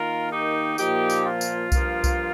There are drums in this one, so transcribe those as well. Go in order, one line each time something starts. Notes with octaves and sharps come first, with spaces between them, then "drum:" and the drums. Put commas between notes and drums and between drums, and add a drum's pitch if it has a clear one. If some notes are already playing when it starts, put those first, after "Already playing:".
Already playing: D#3 A#3 F4 A#4
D#4 G4
A#2 F3 A#3 D#4 G4, drum: tambourine
drum: tambourine
F4
drum: tambourine
G2 F3 A#3, drum: kick B1, tambourine
drum: kick B1, tambourine